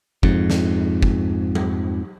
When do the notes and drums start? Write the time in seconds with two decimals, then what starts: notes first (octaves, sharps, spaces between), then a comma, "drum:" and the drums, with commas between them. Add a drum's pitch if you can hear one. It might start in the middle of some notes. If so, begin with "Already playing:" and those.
0.23 F2 G#2, drum: kick
0.50 drum: snare
1.03 drum: kick
1.55 drum: tom F#3